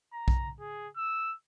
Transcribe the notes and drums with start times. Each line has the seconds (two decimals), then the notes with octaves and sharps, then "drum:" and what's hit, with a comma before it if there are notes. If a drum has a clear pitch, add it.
0.13 A#5
0.28 drum: kick B1
0.60 G#4
0.97 E6